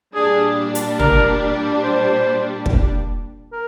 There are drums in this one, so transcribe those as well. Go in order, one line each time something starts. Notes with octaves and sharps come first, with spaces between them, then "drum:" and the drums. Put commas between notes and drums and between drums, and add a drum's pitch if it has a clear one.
A#2 G3 D4 G#4
drum: hi-hat
A#4, drum: tom
C5
drum: kick
A#4